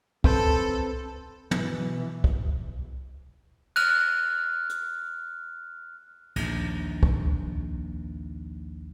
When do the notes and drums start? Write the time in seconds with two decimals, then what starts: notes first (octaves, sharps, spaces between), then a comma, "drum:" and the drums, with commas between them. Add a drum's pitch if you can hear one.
0.24 C4 A4 B4 C5, drum: kick
1.51 B2 E3, drum: tom
2.24 drum: kick
3.76 F6 F#6, drum: cymbal
4.69 drum: hi-hat
6.36 A#1 D#2, drum: cymbal
7.03 drum: kick